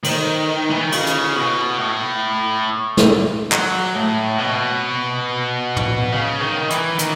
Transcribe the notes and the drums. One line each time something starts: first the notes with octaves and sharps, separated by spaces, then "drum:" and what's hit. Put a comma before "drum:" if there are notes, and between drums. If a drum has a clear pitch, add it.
D#3, drum: cymbal
E3
D#3
C#3, drum: cymbal
drum: hi-hat
B2
A2
drum: snare
F#3, drum: clap
A2
B2
drum: tom
C#3
D#3
E3, drum: hi-hat
D#3, drum: hi-hat